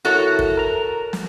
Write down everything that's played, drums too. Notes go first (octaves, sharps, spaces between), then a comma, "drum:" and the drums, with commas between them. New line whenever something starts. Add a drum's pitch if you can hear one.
E4 F#4 A4 A#4 C#5 E5
drum: kick
A#4 A#5
drum: snare